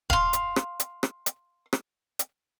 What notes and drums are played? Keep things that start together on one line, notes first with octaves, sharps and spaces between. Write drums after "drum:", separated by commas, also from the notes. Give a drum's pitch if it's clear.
F5 C6, drum: kick D#1
drum: hi-hat
drum: rim click
drum: hi-hat
drum: rim click
drum: hi-hat
drum: rim click
drum: hi-hat